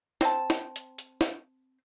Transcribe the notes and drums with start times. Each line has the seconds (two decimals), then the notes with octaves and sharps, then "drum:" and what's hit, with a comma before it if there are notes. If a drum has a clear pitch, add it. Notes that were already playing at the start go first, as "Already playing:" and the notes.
0.21 C4 A5, drum: snare
0.50 drum: snare
0.76 drum: hi-hat
0.98 drum: hi-hat
1.21 drum: snare